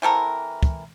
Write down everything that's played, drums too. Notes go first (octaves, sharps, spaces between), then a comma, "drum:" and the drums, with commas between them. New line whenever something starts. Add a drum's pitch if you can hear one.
E3 C4 A4 A#4
drum: kick